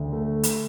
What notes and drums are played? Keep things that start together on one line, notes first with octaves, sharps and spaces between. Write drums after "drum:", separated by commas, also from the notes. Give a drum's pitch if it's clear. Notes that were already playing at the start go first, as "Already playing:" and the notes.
Already playing: D2
A3
drum: hi-hat